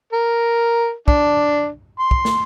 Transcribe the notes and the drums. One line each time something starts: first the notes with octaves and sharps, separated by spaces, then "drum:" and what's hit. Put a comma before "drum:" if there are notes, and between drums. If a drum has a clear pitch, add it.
A#4
D4, drum: kick
C6
drum: kick
drum: snare